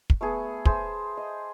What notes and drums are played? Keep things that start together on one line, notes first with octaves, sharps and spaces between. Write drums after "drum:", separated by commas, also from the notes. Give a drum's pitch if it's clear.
drum: kick
A3 B3 G#4
G#4 C5 E5, drum: kick
D#5